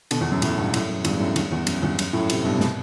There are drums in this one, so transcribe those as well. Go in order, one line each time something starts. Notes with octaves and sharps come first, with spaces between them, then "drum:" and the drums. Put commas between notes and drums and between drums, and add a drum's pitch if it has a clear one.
B2 D3, drum: cymbal
E2
F#2
F#2 A2, drum: cymbal
G2 B2
F#2 A2, drum: cymbal
F#2
E2 G2, drum: cymbal
F#2 A2
E2 G2, drum: cymbal
E2
F#2, drum: cymbal
E2 G2
F#2, drum: cymbal
F#2 A2
A2 C3, drum: cymbal
G2 B2
C3
B2, drum: snare